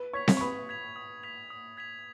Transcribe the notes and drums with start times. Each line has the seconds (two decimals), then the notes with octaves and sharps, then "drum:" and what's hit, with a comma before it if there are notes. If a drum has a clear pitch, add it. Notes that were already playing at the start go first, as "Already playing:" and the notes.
Already playing: B4
0.13 C#5 C#6 G#6 B6 F7
0.28 drum: snare C4
0.37 C#6
0.41 B4 B5 D#6
0.69 G#6 B6 F7
0.96 D#6
1.23 G#6 B6 F7
1.50 D#6
1.77 G#6 B6 F7